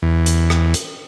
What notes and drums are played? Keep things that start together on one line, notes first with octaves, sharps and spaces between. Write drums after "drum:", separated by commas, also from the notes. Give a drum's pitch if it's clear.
E2
drum: hi-hat
drum: rim click
drum: hi-hat